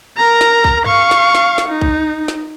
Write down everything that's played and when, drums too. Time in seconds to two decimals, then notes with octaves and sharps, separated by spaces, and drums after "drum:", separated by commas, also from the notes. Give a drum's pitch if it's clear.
0.17 A#4 A#5
0.41 drum: snare
0.64 drum: kick
0.86 F5 C#6, drum: tom G2
1.11 drum: snare
1.35 drum: snare
1.58 drum: snare
1.69 D#4
1.81 drum: kick
2.28 drum: snare